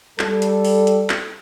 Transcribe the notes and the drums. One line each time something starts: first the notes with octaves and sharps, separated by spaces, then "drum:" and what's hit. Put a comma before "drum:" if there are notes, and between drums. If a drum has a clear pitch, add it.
G3 A4, drum: clap
drum: hi-hat
drum: open hi-hat
drum: hi-hat
drum: clap